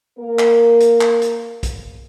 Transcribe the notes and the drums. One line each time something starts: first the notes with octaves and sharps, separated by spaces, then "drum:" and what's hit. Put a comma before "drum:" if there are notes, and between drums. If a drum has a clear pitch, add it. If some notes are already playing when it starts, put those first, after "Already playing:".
A#3 A#4
drum: clap
drum: hi-hat
drum: clap
drum: hi-hat
drum: kick, hi-hat